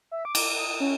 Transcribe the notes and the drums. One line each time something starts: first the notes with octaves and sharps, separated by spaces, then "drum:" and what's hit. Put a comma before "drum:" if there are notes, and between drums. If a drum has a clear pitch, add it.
E5
D6
drum: cymbal
D#6
C#4